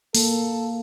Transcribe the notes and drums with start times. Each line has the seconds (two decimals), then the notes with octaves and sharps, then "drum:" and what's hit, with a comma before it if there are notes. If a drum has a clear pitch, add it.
0.15 A#3 A4, drum: open hi-hat